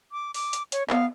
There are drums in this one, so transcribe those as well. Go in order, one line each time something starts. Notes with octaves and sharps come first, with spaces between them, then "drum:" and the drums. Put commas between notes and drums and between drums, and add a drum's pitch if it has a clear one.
D6
D6, drum: open hi-hat
drum: hi-hat
C#5, drum: hi-hat
B3 F5, drum: clap